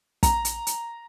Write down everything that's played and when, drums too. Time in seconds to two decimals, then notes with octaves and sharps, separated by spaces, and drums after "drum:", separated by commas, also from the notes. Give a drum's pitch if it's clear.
0.23 A#5, drum: kick, hi-hat
0.45 drum: hi-hat
0.67 drum: hi-hat